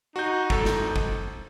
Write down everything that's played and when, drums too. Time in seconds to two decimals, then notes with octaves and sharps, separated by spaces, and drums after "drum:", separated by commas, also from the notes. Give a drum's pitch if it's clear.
0.16 D#4 F#4 G6
0.50 G#1 A4, drum: kick
0.65 drum: snare
0.96 drum: kick